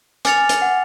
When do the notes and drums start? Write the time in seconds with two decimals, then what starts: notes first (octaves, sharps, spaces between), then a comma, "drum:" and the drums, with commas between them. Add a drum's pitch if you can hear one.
0.25 G#5 D6 F6 A6 C#7 F7, drum: hi-hat
0.38 G#5
0.49 drum: hi-hat
0.62 F#5